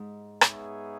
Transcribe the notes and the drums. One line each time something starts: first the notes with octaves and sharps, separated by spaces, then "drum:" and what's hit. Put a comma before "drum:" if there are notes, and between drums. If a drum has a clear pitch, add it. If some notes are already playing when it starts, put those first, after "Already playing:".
Already playing: G#2
B3 D#4 G#4 C#5 E5, drum: rim click